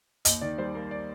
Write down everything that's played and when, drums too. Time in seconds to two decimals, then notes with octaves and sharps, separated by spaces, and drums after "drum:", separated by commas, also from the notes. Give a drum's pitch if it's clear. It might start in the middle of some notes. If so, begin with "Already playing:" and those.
0.25 D#2 D#5, drum: hi-hat
0.41 D#3 D5
0.58 G3 C5
0.75 A#3
0.91 D5